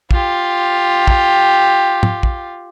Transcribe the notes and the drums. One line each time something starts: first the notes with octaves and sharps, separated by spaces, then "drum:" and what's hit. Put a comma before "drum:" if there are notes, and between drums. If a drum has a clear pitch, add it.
F4 G4, drum: kick
drum: kick
drum: tom
drum: kick